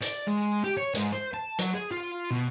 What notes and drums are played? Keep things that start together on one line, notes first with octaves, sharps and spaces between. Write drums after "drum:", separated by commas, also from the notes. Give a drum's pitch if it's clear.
D5, drum: hi-hat
G#3
G4
C#5
G#2, drum: hi-hat
C5
A5
F#3, drum: hi-hat
G#4
F4
B2